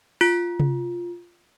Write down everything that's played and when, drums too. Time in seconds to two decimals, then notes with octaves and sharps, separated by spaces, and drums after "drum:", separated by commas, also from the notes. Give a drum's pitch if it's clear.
0.21 F4, drum: open hi-hat
0.60 drum: tom C3